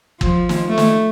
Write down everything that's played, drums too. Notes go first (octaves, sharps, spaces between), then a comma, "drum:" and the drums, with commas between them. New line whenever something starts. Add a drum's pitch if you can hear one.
F3, drum: kick G1
drum: snare
A3
drum: snare